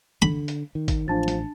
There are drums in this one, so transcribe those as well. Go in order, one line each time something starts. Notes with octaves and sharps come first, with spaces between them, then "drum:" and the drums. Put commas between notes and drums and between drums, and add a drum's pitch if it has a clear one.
D3 B5
drum: hi-hat
D#3
drum: kick, hi-hat
A1 F3 D4 A5 A6
drum: hi-hat